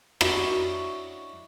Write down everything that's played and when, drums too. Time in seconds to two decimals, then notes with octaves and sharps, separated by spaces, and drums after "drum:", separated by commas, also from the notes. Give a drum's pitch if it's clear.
0.21 C#4 D4 E4 F#4 C#5 D#5, drum: rim click